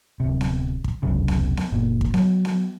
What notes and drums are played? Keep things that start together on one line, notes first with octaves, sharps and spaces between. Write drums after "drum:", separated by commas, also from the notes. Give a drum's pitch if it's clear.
D1 C3
drum: snare B3
drum: kick
E1 C2 F#2 C#3
drum: snare B3
drum: snare B3
F#1 A#2
drum: kick
F#3, drum: snare B3
drum: snare B3